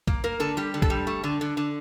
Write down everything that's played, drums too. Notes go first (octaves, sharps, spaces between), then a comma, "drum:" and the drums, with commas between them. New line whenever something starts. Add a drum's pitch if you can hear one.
A#3, drum: kick
A#3 A#4
D3 A4
G3 G4
D3
A4, drum: kick
G3
A3
D3
D3
D3